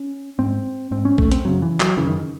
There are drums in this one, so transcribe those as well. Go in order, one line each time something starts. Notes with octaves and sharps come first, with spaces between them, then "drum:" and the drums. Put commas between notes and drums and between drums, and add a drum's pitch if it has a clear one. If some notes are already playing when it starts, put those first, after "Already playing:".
Already playing: C#4
G#2 C4
G#2 C4
C#4
A3, drum: kick B1
C4, drum: hi-hat
F#2 C#3 F#3
E3
F#3, drum: clap
F#2 C#3 E3
D#3